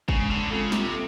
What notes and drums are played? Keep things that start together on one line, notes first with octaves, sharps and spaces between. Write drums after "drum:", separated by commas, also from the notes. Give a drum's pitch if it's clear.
C#3 G#3, drum: kick
D3
C#3 C4 F4 A4
C3, drum: snare